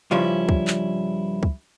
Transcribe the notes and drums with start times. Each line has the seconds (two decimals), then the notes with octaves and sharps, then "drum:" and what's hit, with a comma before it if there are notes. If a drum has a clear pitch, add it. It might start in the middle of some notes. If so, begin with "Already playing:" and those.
0.11 G2 C#3 F3 G3 C#4 E4
0.49 drum: kick
0.67 drum: clap
1.43 drum: kick